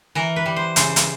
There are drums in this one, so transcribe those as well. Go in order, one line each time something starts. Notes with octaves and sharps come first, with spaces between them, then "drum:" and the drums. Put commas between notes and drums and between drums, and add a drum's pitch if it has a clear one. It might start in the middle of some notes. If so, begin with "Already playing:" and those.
E3 A#4
B4
G3
C5
C#3 C5, drum: hi-hat
drum: hi-hat